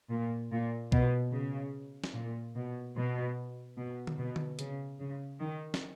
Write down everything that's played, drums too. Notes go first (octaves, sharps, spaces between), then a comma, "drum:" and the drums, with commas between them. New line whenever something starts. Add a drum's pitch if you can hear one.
A#2
A#2
B2, drum: kick B1
C#3
drum: snare
A#2
B2
B2
B2
drum: tom D3
B2
drum: tom D3
C#3, drum: hi-hat
C#3
D#3
drum: snare